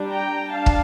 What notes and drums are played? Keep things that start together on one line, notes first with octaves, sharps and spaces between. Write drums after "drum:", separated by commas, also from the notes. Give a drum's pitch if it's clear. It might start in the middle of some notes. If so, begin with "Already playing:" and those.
Already playing: G3 D4
G5 A#5
D4 F5 A5
drum: kick